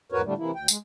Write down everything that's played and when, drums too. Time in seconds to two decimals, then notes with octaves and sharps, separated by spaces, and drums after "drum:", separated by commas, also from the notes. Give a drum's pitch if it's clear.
0.12 E2 G#2 F#4 A#4 B4 C#5
0.25 A2 D3 G3 A3 D4
0.38 C3 E3 A#3 E4
0.55 D2 G5
0.68 G#3, drum: tambourine